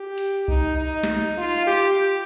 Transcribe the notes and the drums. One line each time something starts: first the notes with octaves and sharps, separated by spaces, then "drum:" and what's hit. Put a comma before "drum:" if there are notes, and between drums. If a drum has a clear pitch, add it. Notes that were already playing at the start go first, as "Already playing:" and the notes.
Already playing: G4
drum: hi-hat
D#4, drum: kick C2
D#4
drum: snare
F4
G4